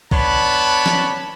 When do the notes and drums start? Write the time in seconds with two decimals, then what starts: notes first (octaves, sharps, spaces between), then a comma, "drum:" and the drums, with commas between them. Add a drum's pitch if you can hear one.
0.11 B3 D4 C#5 A5 B5, drum: kick
0.86 drum: snare